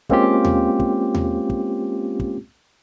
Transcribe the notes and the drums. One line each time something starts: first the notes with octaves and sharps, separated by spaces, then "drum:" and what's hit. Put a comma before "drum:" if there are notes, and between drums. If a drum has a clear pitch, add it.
G#3 A#3 C4 C#4 F4 G4, drum: kick
drum: tom D#2
drum: kick
drum: tom D#2
drum: kick
drum: kick